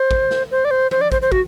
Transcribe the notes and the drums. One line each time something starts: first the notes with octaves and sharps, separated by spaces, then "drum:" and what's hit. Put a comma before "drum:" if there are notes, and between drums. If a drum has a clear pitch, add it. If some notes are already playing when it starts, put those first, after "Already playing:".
Already playing: C5
drum: kick
drum: snare
C5
D5
C5
C5, drum: tom F3
D5
C5, drum: kick
C5
F#4, drum: kick